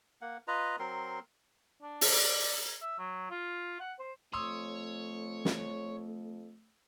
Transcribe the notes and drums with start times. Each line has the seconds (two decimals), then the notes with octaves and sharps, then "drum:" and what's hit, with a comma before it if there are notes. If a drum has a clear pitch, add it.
0.21 A#3 F#5
0.48 F4 B4 D#5 A#5
0.79 F#3 C4 A#4 C6
1.82 D4
2.01 drum: open hi-hat
2.12 D5
2.82 E5
2.98 F#3
3.30 F4
3.80 F#5
3.99 C5
4.33 F2 A3 C#5 C6 D#6 E6
5.45 drum: snare